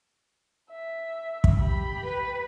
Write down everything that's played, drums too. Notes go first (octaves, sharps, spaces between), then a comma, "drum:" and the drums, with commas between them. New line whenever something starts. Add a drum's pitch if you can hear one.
E5
drum: kick
G4 B5
B4